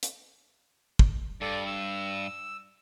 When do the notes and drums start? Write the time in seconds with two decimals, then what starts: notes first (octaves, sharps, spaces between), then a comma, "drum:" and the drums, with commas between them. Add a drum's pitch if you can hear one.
0.03 drum: hi-hat
0.99 drum: kick
1.41 G2 A4 D5
1.66 E6